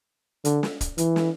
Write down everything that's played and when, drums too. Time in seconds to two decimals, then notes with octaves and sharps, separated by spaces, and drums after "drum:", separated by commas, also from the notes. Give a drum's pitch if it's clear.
0.45 D3, drum: hi-hat
0.63 drum: snare
0.81 drum: kick, hi-hat
0.98 E3, drum: hi-hat
1.16 drum: snare